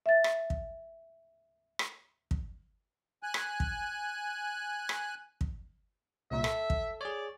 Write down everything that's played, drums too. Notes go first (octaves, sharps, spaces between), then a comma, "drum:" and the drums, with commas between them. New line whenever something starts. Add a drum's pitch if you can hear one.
E5 A6
drum: rim click
drum: kick
drum: rim click
drum: kick
G#5 F#6
drum: rim click
drum: kick
drum: rim click
drum: kick
C2 A#2 E5
A4, drum: rim click
drum: kick
G#4 C#5 D5